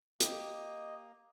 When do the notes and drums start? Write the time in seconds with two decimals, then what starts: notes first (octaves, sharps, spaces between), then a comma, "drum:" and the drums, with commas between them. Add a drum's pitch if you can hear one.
0.20 A#3 G4 D#5, drum: hi-hat